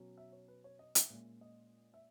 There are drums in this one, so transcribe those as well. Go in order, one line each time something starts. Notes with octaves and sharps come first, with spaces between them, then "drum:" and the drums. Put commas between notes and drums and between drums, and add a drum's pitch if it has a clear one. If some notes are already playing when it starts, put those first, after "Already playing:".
Already playing: B2 F#3 C#4
E5
C#5
B4
C#5
D#5
E5, drum: hi-hat
A#2 G#3 C#4
D#5
E5